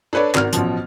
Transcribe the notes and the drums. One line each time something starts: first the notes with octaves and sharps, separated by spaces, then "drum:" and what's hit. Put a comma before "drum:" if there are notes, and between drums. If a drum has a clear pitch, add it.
D4 A4 B4 C#5 D5
G#1 F#4 A#4 F6, drum: clap
A1 B2 F3, drum: hi-hat